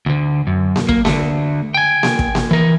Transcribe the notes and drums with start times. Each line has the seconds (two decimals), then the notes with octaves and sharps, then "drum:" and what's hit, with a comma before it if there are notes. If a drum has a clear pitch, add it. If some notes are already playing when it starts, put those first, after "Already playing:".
0.06 D2 D3
0.47 F#2
0.76 drum: snare A#3
0.89 A#3, drum: kick
1.05 D3 A3, drum: snare A#3
1.74 G5 G#5
2.03 drum: snare A#3
2.19 drum: kick
2.35 drum: snare A#3
2.51 E3 A#4